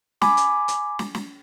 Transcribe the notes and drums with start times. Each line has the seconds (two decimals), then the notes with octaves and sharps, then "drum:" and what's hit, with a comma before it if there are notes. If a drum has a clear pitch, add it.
0.22 G#5 B5 D6, drum: snare
0.37 drum: hi-hat
0.68 drum: hi-hat
0.99 drum: snare
1.15 drum: snare